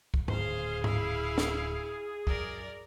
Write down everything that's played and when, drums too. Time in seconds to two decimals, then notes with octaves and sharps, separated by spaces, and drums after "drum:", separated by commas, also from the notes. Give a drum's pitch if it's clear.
0.14 drum: kick
0.28 D1 C#3 G#4 C5 F5, drum: tom G#2
0.84 E4 F5, drum: tom G#2
1.38 drum: snare
2.27 F#2 A#4 D5, drum: kick